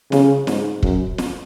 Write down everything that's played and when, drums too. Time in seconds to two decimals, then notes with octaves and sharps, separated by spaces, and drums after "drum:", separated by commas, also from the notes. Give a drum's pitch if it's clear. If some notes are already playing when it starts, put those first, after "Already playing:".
0.12 C#3, drum: snare
0.47 G#2, drum: snare
0.83 F#2, drum: kick
1.18 drum: snare